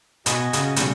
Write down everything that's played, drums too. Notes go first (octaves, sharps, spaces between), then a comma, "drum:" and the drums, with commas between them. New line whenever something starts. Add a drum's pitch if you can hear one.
B2 F#4 D#5 G#5, drum: hi-hat
C#3, drum: hi-hat
B2 G3 F#4 G6, drum: hi-hat